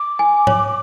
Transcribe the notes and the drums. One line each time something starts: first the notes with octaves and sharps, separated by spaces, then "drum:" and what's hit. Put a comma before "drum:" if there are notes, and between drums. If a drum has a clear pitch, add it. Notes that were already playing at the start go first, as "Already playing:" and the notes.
Already playing: D6
G#5
C#5, drum: tom G#2